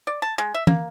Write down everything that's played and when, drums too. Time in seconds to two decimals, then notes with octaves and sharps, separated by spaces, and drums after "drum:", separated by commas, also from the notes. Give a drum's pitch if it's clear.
0.07 D5
0.22 A5
0.38 G#3
0.54 E5
0.67 A#3, drum: tom